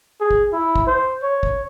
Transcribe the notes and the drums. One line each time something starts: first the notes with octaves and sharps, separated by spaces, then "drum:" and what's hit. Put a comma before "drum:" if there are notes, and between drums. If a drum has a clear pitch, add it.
G#4
drum: kick
E4
drum: kick
C5
C#5
drum: kick